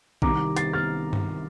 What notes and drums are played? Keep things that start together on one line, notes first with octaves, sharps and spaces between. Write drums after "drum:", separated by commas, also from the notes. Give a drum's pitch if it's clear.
C2 C3 D#3 A#5 D6, drum: kick A#1
A6 C7, drum: hi-hat
F6 A6
drum: tom G2